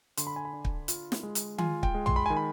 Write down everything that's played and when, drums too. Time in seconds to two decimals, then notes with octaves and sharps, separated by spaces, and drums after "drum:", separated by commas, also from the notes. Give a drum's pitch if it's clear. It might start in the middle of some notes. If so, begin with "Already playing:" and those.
0.17 D3 C6, drum: hi-hat
0.27 B5
0.36 G#5
0.45 B5
0.53 D4
0.65 drum: kick
0.88 F4, drum: hi-hat
1.12 drum: snare
1.23 G#3
1.35 drum: hi-hat
1.58 F4 G#5, drum: tom D#3
1.83 G5, drum: kick
1.95 G#3
2.06 C6, drum: tom B1
2.16 B5
2.26 D#3 G#5
2.37 B5